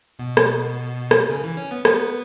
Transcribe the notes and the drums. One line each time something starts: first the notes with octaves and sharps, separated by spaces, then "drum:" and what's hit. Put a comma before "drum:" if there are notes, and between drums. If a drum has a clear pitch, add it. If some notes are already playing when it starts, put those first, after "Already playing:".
B2
drum: rim click
drum: rim click
C#3
E3
C#4
B3
B3, drum: rim click